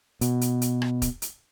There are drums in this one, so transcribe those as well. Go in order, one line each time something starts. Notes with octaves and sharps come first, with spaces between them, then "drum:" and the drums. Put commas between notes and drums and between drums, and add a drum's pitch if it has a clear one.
B2, drum: hi-hat
drum: hi-hat
drum: hi-hat
drum: rim click
drum: kick, hi-hat
drum: hi-hat